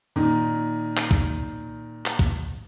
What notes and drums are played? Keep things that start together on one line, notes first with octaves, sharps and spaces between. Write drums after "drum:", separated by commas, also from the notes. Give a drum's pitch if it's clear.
A#2 D#3
drum: clap
drum: kick
drum: clap
drum: kick